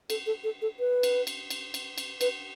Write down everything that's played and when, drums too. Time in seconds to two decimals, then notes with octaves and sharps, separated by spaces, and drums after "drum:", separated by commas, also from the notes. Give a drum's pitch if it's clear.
0.10 A4, drum: cymbal
0.27 A4
0.44 A4
0.62 A4
0.79 B4
1.03 drum: cymbal
1.27 drum: cymbal
1.50 drum: cymbal
1.74 drum: cymbal
1.98 drum: cymbal
2.21 B4, drum: cymbal